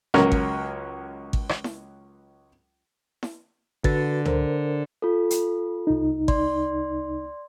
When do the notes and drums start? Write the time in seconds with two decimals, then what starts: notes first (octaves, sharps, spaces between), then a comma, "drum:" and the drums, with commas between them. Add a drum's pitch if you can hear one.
0.14 C#2 F#3 C#4 A#4 F6, drum: rim click
0.32 drum: kick G#1
1.33 drum: kick G#1
1.49 drum: rim click
1.64 drum: snare E4
3.23 drum: snare E4
3.84 D3 F#4 B4 A6, drum: kick G#1
4.25 A#4 C5, drum: tom C#2
5.02 F4 A4
5.30 drum: hi-hat
5.87 C2 D#4
6.28 D5 C6, drum: kick G#1